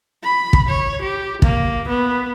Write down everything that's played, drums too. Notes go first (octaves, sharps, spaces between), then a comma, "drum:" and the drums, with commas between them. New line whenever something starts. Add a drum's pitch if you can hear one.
B5
drum: kick
C#5
G4
A#3, drum: kick
B3